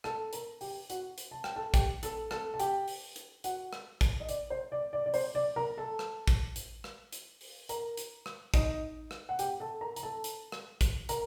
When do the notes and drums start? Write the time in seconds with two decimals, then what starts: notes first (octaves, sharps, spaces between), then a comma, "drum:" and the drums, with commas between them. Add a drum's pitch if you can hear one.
0.04 A4 A5, drum: rim click
0.33 A#4 A#5, drum: hi-hat
0.61 G4 G5, drum: open hi-hat
0.90 F#4 F#5, drum: hi-hat
1.18 drum: hi-hat
1.31 A5
1.44 G5, drum: rim click
1.56 A4 A5
1.74 G4 G5, drum: kick, hi-hat
2.03 A4 A5, drum: hi-hat
2.31 A4 A5, drum: rim click
2.54 A5
2.60 G4 G5, drum: hi-hat
2.88 drum: open hi-hat
3.16 drum: hi-hat
3.44 F#4 F#5, drum: hi-hat
3.73 drum: rim click
4.01 drum: kick, hi-hat
4.20 D#5
4.29 D5, drum: hi-hat
4.50 C5
4.72 D5
4.93 D5
5.06 D5
5.14 C5, drum: open hi-hat
5.35 D5
5.56 A#4 A#5
5.77 A4 A5
5.99 drum: rim click
6.28 drum: kick, hi-hat
6.56 drum: hi-hat
6.84 drum: rim click
7.12 drum: hi-hat
7.41 drum: open hi-hat
7.69 A#4 A#5, drum: hi-hat
7.97 drum: hi-hat
8.26 drum: rim click
8.54 D#4 D#5, drum: kick, hi-hat
9.11 drum: rim click
9.29 F#5
9.39 G4 G5, drum: hi-hat
9.60 A4 A5
9.81 A#4 A#5
9.96 A#5, drum: hi-hat
10.03 A4 A5
10.24 drum: hi-hat
10.52 drum: rim click
10.81 drum: kick, hi-hat
11.09 A#4 A#5, drum: hi-hat